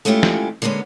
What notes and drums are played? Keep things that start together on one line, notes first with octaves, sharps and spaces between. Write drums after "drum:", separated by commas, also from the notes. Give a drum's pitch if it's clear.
G#3 A3 C#4 E4 F4 G4
drum: snare
D3 G#3 A#3 B3 C#4